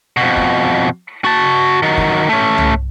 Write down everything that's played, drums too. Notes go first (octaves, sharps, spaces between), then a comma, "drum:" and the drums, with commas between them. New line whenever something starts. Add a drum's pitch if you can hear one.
F2 B2
drum: kick
F#4 A5
D#3 F#3
drum: kick
A3 C#4
drum: tom C2